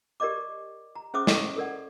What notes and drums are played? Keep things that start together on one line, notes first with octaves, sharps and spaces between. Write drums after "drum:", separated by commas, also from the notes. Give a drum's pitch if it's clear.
G4 A#4 D5 D#5 D6
A#5
C#4 G#4 C5 E5 D6 D#6
D#5 C#6, drum: snare
A4 A#4 D5 F#5